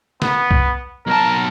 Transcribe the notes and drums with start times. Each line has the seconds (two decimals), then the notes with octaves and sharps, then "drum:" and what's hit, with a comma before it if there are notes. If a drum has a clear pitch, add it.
0.22 B3, drum: snare
0.51 drum: kick B1
1.07 B1 A#4 A5